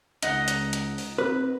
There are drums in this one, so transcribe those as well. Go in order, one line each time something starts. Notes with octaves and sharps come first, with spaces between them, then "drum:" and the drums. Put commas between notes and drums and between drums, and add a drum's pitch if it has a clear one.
C#2 D#4 F#5, drum: hi-hat
drum: hi-hat
drum: hi-hat
drum: open hi-hat
C4 B4